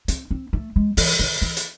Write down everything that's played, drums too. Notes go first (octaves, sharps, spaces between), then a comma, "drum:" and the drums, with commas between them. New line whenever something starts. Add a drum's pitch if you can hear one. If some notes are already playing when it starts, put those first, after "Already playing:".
C4, drum: hi-hat
C4
A3
G#3
E3, drum: open hi-hat
D#3
E3
drum: hi-hat